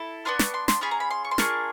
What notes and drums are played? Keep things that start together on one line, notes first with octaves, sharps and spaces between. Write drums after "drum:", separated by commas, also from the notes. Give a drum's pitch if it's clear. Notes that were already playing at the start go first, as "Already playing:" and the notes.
Already playing: E4 A4
B3 D4 F4 C6
C#6, drum: snare
C6
C6, drum: snare
C#4 F4 G#4 B5
A#5
B5
C6
C#6
C6
A#3 D4 F4 G#4 C#6, drum: snare